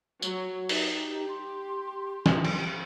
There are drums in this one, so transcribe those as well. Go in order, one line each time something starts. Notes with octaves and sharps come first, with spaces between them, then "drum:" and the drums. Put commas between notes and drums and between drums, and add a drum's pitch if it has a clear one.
F#3, drum: tambourine
D#4 G4, drum: open hi-hat
C6
drum: snare
drum: cymbal